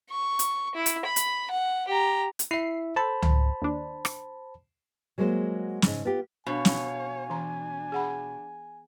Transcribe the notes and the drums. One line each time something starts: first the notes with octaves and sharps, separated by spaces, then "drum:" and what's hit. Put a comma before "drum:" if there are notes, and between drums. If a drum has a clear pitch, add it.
C#6
drum: hi-hat
E4
drum: hi-hat
B5
drum: hi-hat
F#5
G4 A#5
drum: hi-hat
E4 E5 C7
A4 C5 A5 B5
drum: tom C#2
D#2 D4
drum: rim click
F#3 G#3 A#3 F#4 C5
G#2 C#3, drum: snare
B3 F4 G4
B2 D4 C#5 F5 G#5
drum: snare
E3 D4 A#5
G#4 F#5 B5